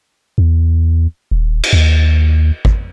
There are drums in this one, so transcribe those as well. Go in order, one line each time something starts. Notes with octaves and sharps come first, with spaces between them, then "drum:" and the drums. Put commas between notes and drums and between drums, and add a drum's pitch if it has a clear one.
E2
D#1
drum: cymbal
D#2
drum: kick